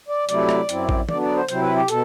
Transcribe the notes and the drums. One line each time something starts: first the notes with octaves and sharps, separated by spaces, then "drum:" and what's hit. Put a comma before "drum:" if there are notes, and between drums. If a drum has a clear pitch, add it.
D5
C3 F#3 A3 E4 D5, drum: hi-hat
drum: rim click
F#2 F#3 C4 E4, drum: hi-hat
drum: kick A1
D3 F#3 B3 D4 D5, drum: tom E3
D5
C5
C3 F#3 C4 E4 C5, drum: hi-hat
B4
G4
B2 A4, drum: hi-hat